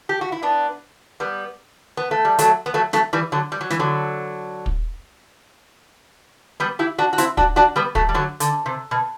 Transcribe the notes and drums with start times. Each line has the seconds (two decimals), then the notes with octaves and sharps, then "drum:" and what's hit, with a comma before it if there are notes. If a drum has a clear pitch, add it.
0.09 G4
0.21 F#4
0.32 E4
0.43 B3 D4
1.20 G3 B3
1.97 B3
2.11 A3
2.25 G3
2.39 F#3 A3, drum: hi-hat
2.66 B3
2.74 F#3 A3
2.93 F#3 A3, drum: snare
3.13 E3 G3
3.32 D3 F#3
3.52 G3
3.61 F#3
3.70 E3, drum: snare
3.79 D3 F#3
4.66 drum: kick
6.60 G3 B3
6.79 E4 G4
6.98 D4 F#4
7.13 F#4
7.18 C4 E4, drum: hi-hat
7.37 D4 F#4, drum: kick
7.56 D4 F#4
7.76 G3 B3
7.95 F#3 A3, drum: kick
8.09 G3
8.14 D3 F#3
8.40 D3, drum: hi-hat
8.66 C3
8.91 B2